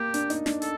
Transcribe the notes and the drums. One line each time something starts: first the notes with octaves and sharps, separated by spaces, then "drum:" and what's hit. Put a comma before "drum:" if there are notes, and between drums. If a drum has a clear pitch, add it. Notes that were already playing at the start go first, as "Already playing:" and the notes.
Already playing: A#3 G4
D4, drum: hi-hat
D#4, drum: hi-hat
D4, drum: snare
A4, drum: hi-hat